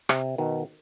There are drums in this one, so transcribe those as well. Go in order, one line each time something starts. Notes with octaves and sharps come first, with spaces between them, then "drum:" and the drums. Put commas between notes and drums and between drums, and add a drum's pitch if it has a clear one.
C3, drum: rim click
B2 D#3